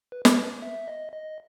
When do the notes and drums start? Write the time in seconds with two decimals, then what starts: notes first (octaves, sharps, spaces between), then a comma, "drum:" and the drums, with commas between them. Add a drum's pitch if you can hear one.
0.12 B4
0.25 B4, drum: snare
0.37 B4
0.62 E5
0.88 D#5
1.12 D#5